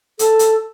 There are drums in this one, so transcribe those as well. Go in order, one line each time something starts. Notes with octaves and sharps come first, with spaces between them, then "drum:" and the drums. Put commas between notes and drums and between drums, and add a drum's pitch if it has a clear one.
A4, drum: hi-hat
drum: hi-hat